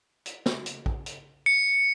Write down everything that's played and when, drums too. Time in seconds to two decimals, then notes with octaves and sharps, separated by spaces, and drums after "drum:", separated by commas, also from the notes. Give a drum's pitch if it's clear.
0.26 drum: hi-hat
0.46 drum: snare
0.66 drum: hi-hat
0.86 drum: kick
1.06 drum: hi-hat
1.46 C#7